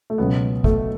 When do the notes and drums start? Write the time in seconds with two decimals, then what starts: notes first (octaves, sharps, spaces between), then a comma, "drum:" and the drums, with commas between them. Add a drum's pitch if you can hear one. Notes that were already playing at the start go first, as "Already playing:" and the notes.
0.10 A3
0.18 C#2 B2 F#3 B3
0.64 A3, drum: kick